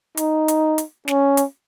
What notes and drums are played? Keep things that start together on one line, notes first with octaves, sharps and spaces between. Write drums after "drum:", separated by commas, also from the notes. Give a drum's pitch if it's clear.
D#4, drum: hi-hat
drum: hi-hat
drum: hi-hat
C#4, drum: snare
drum: hi-hat